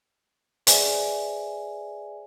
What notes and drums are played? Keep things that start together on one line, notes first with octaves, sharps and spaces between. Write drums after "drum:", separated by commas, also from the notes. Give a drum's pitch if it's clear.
G#4 B4 C5 D5 E5 G#5, drum: hi-hat